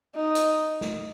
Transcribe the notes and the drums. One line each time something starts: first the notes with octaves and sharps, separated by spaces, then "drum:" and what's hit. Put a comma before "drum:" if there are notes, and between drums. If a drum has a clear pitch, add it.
D#4
drum: hi-hat
drum: snare